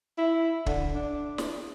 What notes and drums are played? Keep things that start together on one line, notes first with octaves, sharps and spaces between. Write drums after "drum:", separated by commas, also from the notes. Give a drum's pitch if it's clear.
E4
D3, drum: kick
D4
drum: snare